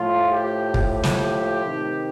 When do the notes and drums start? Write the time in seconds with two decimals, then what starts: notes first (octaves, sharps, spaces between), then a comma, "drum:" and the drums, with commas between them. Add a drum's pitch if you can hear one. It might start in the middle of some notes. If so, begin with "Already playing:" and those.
Already playing: A2 F3 F4
0.30 G4
0.74 G4, drum: kick
1.03 drum: snare
1.63 C3 D#3